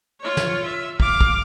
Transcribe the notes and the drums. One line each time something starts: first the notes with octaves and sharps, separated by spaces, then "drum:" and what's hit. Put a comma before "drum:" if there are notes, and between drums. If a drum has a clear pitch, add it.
F4 C#5
drum: snare
E5
F5 D6, drum: kick
drum: kick